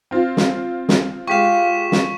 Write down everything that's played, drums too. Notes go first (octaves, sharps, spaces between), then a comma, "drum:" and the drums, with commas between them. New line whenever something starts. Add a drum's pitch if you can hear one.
C4 F4
drum: snare
drum: snare
G#3 F4 G4 F5 C#6 B6 E7
drum: snare